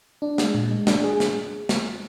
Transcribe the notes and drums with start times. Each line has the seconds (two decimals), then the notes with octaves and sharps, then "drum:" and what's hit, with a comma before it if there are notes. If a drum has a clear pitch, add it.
0.22 D4
0.38 G#3, drum: snare
0.55 A#2
0.71 G#3
0.87 D4, drum: snare
1.04 G#4
1.20 drum: snare
1.69 drum: snare